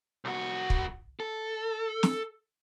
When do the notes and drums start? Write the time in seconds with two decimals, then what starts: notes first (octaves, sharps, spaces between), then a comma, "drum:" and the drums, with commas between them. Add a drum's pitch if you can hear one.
0.25 C2 F#4
0.70 drum: kick
1.20 A4
2.03 drum: snare